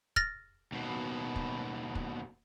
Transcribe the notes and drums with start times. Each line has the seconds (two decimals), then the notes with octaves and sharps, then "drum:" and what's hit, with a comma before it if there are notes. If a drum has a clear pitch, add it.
0.16 F6 A6 A#6, drum: kick
0.72 D#2 B2
1.36 drum: kick
1.95 drum: kick